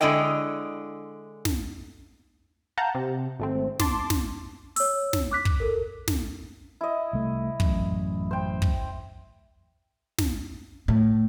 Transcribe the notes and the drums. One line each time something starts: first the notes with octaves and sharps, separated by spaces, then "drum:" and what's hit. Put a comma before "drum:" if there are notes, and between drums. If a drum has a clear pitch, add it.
D3 G#3 E4 D#5 G5
drum: snare
F5 F#5 A5 A#5 G6
C3
G#1 A3 C4
A5 C6 D6, drum: snare
drum: snare
C#5 E6, drum: open hi-hat
drum: snare
D6 F#6 B6
drum: kick
A4 A#4
drum: snare
E4 D#5
C2 A3
A1 F#2, drum: kick
C5 G5
drum: kick
drum: snare
A2